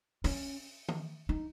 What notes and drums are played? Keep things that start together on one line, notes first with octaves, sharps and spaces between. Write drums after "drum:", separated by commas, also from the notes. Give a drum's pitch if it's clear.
C#4, drum: open hi-hat
drum: tom D#3
D#4